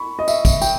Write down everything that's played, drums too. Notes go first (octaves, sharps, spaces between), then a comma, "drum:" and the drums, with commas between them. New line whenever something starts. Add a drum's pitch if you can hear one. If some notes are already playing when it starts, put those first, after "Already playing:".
Already playing: B5 C#6
D#5
E5, drum: tambourine
drum: kick, tambourine
G5, drum: tambourine